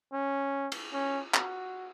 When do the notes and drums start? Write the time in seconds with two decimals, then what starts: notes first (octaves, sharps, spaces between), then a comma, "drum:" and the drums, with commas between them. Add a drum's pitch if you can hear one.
0.13 C#4
0.72 drum: cymbal
0.93 C#4
1.34 F#4, drum: clap